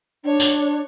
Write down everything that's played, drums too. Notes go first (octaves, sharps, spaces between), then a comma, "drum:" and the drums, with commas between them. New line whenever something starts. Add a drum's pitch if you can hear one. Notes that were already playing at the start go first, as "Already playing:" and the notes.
D4 C#5
drum: tambourine